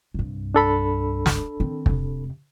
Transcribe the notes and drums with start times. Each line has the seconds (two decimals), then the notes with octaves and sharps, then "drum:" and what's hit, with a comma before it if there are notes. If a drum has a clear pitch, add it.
0.14 C2 G2
0.54 D4 A4 B5
1.26 drum: snare
1.60 D#3 C4
1.86 F2 C3, drum: kick